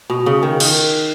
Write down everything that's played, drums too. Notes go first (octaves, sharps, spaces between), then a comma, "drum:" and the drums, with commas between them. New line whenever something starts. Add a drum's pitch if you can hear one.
B2
C#3
D#3
D#3, drum: cymbal